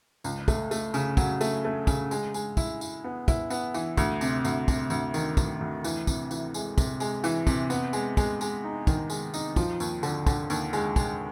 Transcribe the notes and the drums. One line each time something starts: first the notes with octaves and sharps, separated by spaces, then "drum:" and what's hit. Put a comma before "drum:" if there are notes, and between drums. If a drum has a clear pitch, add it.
C#2, drum: tambourine
A3, drum: kick, tambourine
A3, drum: tambourine
C#3, drum: tambourine
F#3, drum: kick, tambourine
A3, drum: tambourine
A3
C#3, drum: kick, tambourine
G#3, drum: tambourine
G#3, drum: tambourine
E4, drum: kick, tambourine
E4, drum: tambourine
B3
E4, drum: kick, tambourine
B3, drum: tambourine
E3, drum: tambourine
D2, drum: kick, tambourine
C3, drum: tambourine
D2, drum: tambourine
C3, drum: kick, tambourine
D2, drum: tambourine
D#3, drum: tambourine
D2, drum: kick, tambourine
D2
E3, drum: tambourine
C3, drum: kick, tambourine
E3, drum: tambourine
G#3, drum: tambourine
C3, drum: kick, tambourine
G#3, drum: tambourine
E3, drum: tambourine
C3, drum: kick, tambourine
B3, drum: tambourine
G#3, drum: tambourine
G#3, drum: kick, tambourine
G#3, drum: tambourine
D#4
D#3, drum: kick, tambourine
G#3, drum: tambourine
D#4, drum: tambourine
F3, drum: kick, tambourine
D#2, drum: tambourine
D3, drum: tambourine
D3, drum: kick, tambourine
D#2, drum: tambourine
G#3, drum: tambourine
G#3, drum: kick, tambourine